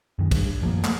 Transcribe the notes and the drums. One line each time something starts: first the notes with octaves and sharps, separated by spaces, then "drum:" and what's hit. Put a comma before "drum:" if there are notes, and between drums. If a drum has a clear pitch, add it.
F#2 D#3
G2, drum: kick B1, cymbal
F#2 F3 F#3 A#3
A3, drum: clap